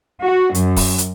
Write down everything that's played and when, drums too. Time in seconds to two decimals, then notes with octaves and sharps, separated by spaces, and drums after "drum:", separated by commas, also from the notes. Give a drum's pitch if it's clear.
0.22 F#4
0.55 F#2, drum: hi-hat
0.76 drum: kick, open hi-hat
0.98 drum: hi-hat